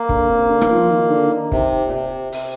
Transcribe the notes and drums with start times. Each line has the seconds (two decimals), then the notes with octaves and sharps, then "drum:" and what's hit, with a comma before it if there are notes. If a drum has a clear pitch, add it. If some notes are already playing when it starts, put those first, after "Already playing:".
Already playing: A#3
0.09 D3, drum: kick
0.30 C3
0.50 D3
0.61 D#3, drum: rim click
0.71 F3
0.90 D#3
1.10 D3
1.31 D#3
1.52 C3, drum: kick
1.87 A#2
1.92 C3
2.33 C3, drum: open hi-hat